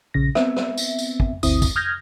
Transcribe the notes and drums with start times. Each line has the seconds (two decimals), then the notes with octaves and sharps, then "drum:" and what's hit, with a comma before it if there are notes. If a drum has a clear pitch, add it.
0.14 A#1 C#3 A#6
0.35 B3 C4 E5, drum: rim click
0.56 drum: rim click
0.78 drum: tambourine
0.99 drum: tambourine
1.20 drum: kick
1.43 G1 D2 C4 E4 D#6, drum: tambourine
1.62 drum: kick, tambourine
1.76 D#6 F6 G6 G#6 A#6